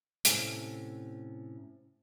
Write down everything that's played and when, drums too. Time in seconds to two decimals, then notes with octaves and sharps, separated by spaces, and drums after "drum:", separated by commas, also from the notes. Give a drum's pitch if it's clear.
0.25 A2 C3 C#4 A4 A5, drum: hi-hat